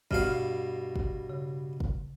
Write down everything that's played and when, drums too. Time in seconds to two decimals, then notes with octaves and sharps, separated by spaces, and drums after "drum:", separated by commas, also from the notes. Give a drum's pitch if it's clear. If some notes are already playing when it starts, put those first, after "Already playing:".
0.11 G2 B2 F5 F6, drum: kick
0.96 drum: kick
1.30 C#3
1.80 drum: kick